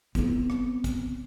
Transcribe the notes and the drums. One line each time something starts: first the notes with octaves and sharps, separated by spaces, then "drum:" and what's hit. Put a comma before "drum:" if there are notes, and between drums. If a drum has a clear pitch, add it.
B3 C4, drum: kick, hi-hat
drum: rim click
drum: kick, hi-hat